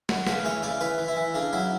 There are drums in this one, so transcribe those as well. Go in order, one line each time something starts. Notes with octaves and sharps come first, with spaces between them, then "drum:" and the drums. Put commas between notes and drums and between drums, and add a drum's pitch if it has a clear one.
F#3, drum: snare
C#3 B4, drum: snare
E3 C#5
C#3 D5
E3 B4
E3
E4
E3
C#3 D4
F#3 E4